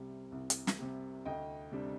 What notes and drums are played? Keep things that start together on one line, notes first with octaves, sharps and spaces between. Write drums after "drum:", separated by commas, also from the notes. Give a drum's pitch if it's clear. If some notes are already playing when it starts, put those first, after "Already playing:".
Already playing: C2 C3 G3
C2
drum: hi-hat
drum: snare
C3 G3
D2 D#5 G5
C3 G3 D4